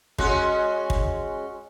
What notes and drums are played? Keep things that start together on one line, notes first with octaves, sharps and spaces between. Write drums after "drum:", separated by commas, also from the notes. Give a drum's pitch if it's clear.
G#3 C#4 F#4, drum: kick
drum: kick